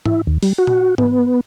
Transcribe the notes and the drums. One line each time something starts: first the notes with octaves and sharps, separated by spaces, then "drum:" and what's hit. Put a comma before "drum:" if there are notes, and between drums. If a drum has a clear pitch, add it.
E4, drum: tom G#2
D#2
G3, drum: open hi-hat
F#4
drum: tom A#2
B3, drum: tom G#2